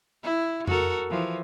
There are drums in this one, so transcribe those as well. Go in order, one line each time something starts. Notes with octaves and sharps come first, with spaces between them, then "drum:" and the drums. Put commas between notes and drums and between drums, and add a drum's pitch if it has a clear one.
E4
F#4 A4 A#4, drum: tom F2
E3 F3